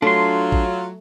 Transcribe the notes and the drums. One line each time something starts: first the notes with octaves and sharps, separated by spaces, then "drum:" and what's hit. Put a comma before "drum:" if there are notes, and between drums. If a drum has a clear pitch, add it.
F#3 A3 D4 F4 C6
drum: kick